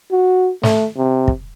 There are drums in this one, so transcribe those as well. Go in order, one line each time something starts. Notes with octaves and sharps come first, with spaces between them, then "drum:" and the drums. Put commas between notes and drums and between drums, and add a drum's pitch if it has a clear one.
F#4
A3, drum: snare
C3
drum: kick